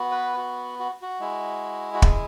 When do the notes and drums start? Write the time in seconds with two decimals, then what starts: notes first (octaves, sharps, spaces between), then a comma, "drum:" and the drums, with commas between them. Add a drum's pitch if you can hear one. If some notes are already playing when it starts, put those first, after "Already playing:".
Already playing: B3 F#4
0.11 B4
0.37 F#4
0.80 F#4
1.02 F#4
1.20 G#3 E4
1.94 F#4
2.02 G#4, drum: kick